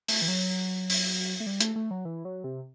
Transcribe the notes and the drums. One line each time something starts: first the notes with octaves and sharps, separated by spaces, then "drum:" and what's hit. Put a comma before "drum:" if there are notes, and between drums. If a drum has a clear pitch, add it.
A3, drum: open hi-hat
E3
F#3
drum: open hi-hat
A3
G3
A3, drum: hi-hat
A3
F#3
E3
F#3
C3